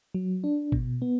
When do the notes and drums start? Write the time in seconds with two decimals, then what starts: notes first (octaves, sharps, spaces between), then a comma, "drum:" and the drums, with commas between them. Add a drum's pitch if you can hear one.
0.14 F#3
0.44 D4
0.72 B2, drum: kick G#1
1.02 B3